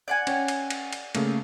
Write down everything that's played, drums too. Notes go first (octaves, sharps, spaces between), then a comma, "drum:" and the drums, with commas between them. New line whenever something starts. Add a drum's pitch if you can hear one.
D5 F#5 G#5
C#4 C#5 G5, drum: cymbal
drum: cymbal
drum: cymbal
drum: cymbal
C#3 A3 A#3, drum: cymbal